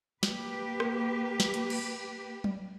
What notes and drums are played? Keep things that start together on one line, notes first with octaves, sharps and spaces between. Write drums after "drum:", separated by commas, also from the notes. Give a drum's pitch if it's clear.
A#3 G4 B4, drum: snare
drum: rim click
drum: snare
drum: hi-hat
drum: cymbal
drum: tom F#3